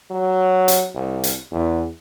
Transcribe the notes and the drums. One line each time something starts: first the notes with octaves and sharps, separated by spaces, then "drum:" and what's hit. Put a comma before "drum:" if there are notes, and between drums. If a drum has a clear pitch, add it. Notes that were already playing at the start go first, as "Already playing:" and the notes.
F#3
drum: hi-hat
C2
drum: hi-hat
E2